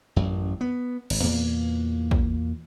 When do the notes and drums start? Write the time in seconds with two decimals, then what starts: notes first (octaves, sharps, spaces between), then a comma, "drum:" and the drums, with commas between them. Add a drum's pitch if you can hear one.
0.16 A1 F#2
0.61 B3
1.10 G#1, drum: cymbal
1.23 E2 A#2 A#3
2.11 drum: kick